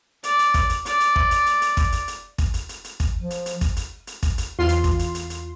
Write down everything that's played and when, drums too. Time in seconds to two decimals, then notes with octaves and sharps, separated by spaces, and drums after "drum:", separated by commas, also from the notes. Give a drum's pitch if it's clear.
0.24 D5, drum: hi-hat
0.39 drum: hi-hat
0.54 drum: kick, hi-hat
0.70 drum: hi-hat
0.86 D5, drum: hi-hat
1.00 drum: hi-hat
1.16 drum: kick
1.31 drum: hi-hat
1.46 drum: hi-hat
1.62 drum: hi-hat
1.77 drum: kick, hi-hat
1.92 drum: hi-hat
2.08 drum: hi-hat
2.38 drum: kick, hi-hat
2.54 drum: hi-hat
2.69 drum: hi-hat
2.84 drum: hi-hat
3.00 drum: kick, hi-hat
3.20 F3
3.30 drum: hi-hat
3.46 drum: hi-hat
3.61 drum: kick, hi-hat
3.77 drum: hi-hat
4.07 drum: hi-hat
4.23 drum: kick, hi-hat
4.38 drum: hi-hat
4.59 E2 F4 C6
4.69 drum: hi-hat
4.84 drum: kick, hi-hat
4.99 drum: hi-hat
5.15 drum: hi-hat
5.30 drum: hi-hat